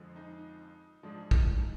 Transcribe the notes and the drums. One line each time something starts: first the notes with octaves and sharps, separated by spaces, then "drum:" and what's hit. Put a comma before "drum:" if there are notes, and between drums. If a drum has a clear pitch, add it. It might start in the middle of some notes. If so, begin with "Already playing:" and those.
Already playing: F2 D3 F3 G#3
D#4
G#2 F3 G#3 D4
D#4, drum: kick
D#4